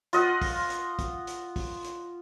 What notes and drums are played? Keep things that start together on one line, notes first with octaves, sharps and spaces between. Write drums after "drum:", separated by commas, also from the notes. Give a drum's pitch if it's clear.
F4 D#5 F#5, drum: hi-hat
drum: kick, open hi-hat
drum: hi-hat
drum: kick, hi-hat
drum: hi-hat
drum: kick, open hi-hat
drum: hi-hat